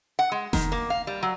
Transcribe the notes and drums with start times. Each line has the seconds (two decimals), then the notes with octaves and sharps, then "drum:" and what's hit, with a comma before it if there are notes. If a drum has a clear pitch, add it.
0.19 F#5
0.32 G#3
0.53 D#3, drum: snare F1
0.72 A#3
0.90 F5
1.07 G3
1.23 F#3